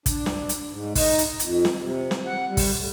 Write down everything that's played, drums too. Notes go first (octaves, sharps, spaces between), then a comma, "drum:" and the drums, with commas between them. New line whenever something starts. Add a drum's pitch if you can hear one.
D4, drum: kick, hi-hat
drum: snare
drum: hi-hat
G#2
D#4, drum: kick, open hi-hat
drum: hi-hat
F2, drum: hi-hat
drum: snare
C3
drum: snare
F#5
G3
drum: kick, open hi-hat
A2